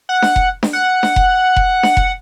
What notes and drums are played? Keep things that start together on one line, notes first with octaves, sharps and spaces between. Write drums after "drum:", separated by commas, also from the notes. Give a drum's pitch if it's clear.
F#5
drum: snare D4
drum: kick F1
drum: snare D4
F#5
drum: snare D4
drum: kick F1
drum: kick F1
drum: snare D4
drum: kick F1